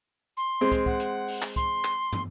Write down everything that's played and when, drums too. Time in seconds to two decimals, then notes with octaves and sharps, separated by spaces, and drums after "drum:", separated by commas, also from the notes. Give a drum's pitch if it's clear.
0.37 C6
0.61 G#3 C4
0.72 drum: kick, hi-hat
0.86 F#5, drum: kick
1.00 drum: hi-hat
1.28 drum: open hi-hat
1.42 drum: clap
1.56 C6, drum: kick, hi-hat
1.84 drum: clap
2.13 drum: tom